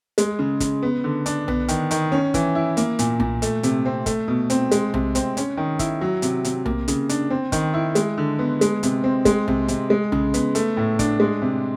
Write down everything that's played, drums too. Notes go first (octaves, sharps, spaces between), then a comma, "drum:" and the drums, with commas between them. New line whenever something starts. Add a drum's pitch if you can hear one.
G#3, drum: hi-hat
C#3
C#3, drum: kick, hi-hat
B3
D3
D4, drum: hi-hat
B3, drum: tom B1
D#3, drum: hi-hat
D#3, drum: hi-hat
C#4
E3, drum: kick, hi-hat
E4
A#3, drum: hi-hat
A#2, drum: hi-hat
A#2, drum: tom B1
A3, drum: hi-hat
C3, drum: hi-hat
C4
A3, drum: kick, hi-hat
B2
C4, drum: hi-hat
G#3, drum: hi-hat
C3, drum: tom B1
C4, drum: hi-hat
C#4, drum: hi-hat
D#3
E4, drum: kick, hi-hat
F#3
C3, drum: hi-hat
C3, drum: hi-hat
A#3, drum: tom B1
C#3, drum: hi-hat
D4, drum: hi-hat
C4
D#3, drum: kick, hi-hat
E4
G#3, drum: hi-hat
D3
B3
G#3, drum: hi-hat
C3, drum: hi-hat
C4
G#3, drum: kick, hi-hat
C3, drum: tom B1
C3, drum: hi-hat
G#3
C#3, drum: tom B1
B3, drum: hi-hat
A3, drum: hi-hat
A2
D4, drum: kick, hi-hat
G#3
C3